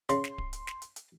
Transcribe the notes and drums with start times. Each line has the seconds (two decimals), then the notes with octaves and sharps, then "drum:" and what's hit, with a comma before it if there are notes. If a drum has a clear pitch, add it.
0.09 C#3 C6, drum: hi-hat
0.24 drum: snare
0.38 drum: kick D1
0.53 drum: hi-hat
0.67 drum: snare
0.82 drum: hi-hat
0.96 drum: hi-hat